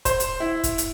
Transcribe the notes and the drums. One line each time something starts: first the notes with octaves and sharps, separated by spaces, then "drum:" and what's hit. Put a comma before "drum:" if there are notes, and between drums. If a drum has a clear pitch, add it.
C5, drum: kick, hi-hat
drum: hi-hat
E4
drum: kick, hi-hat
drum: hi-hat